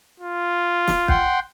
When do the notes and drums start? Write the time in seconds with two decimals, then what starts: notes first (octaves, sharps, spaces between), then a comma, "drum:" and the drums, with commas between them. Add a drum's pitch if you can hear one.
0.20 F4
0.88 drum: snare
1.08 F#5 G5 C6, drum: kick B1